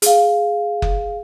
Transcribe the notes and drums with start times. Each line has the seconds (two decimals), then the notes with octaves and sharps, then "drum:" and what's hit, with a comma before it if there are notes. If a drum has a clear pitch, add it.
0.02 G#4 F5, drum: hi-hat
0.82 drum: kick F#1